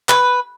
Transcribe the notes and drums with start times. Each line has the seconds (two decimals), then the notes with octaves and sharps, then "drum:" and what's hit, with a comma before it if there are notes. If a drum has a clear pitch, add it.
0.09 B4, drum: clap